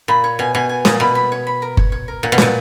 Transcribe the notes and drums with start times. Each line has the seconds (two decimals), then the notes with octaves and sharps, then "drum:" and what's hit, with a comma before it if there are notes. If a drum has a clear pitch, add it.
0.08 A#2 B5
0.24 C#5
0.39 B2 G#5
0.54 B2 G#5
0.69 G#5
0.85 A#2 D#6, drum: snare
1.00 B2 B5
1.15 B5
1.32 C#5
1.47 B5
1.62 A#4
1.77 C#5, drum: kick F#1
1.92 C#5
2.08 A#4
2.23 A#2 F#5
2.32 B2
2.38 A#2 F#5, drum: snare